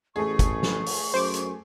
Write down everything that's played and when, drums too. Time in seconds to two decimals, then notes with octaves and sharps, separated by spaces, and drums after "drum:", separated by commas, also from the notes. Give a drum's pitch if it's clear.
0.16 A1 A3 G#4 C#6
0.39 drum: kick, hi-hat
0.63 drum: snare
0.86 drum: open hi-hat
1.14 F#2 C5 D6
1.34 drum: hi-hat